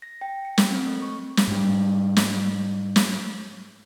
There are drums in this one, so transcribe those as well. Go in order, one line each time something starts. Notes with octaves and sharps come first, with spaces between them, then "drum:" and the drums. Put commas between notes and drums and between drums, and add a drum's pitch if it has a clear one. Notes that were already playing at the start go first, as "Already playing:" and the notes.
A#6
G5
C#7
A#4, drum: snare
C4
A3
C#6
drum: snare
G#2 G3
drum: snare
drum: snare